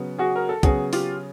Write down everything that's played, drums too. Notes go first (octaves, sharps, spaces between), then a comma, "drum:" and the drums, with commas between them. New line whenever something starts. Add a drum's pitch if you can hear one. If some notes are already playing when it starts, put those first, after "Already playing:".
Already playing: C#3 F#3 B3
F#4 G#4
A#4
A4
C#3 F#3 B3 F#4 G#4, drum: kick, hi-hat
F4 G4, drum: open hi-hat